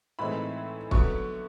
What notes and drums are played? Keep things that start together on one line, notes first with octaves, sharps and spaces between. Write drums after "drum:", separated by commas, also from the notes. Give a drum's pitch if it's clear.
A2 E3 G#3 C4 D#4 B5
D3 F#3 B3 C#6, drum: kick